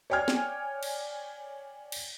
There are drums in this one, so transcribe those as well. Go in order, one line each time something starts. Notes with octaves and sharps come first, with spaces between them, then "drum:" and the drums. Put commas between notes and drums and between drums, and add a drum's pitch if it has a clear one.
C#5 D5 G5 G#5 F6 G#6
drum: snare
drum: cymbal
drum: cymbal